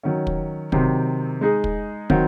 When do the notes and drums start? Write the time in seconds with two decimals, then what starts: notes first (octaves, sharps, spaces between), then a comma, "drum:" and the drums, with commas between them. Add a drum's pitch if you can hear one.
0.03 D#3 F#3 C#4
0.27 drum: kick
0.72 C3 D#3 F#3 C4, drum: kick
1.41 G#3 D#4 G#4
1.64 drum: kick
2.10 D#3 F#3 C4 F#4, drum: kick